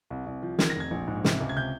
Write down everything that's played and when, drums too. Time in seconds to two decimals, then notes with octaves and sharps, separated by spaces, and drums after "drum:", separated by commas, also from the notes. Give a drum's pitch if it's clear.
0.10 C2
0.26 C2
0.43 F3
0.59 D#3 G#6, drum: snare
0.70 A#6
0.76 F1 G#6
0.91 A#1
1.08 G#2
1.24 C3, drum: snare
1.40 C#2
1.49 G#6
1.56 C3 G6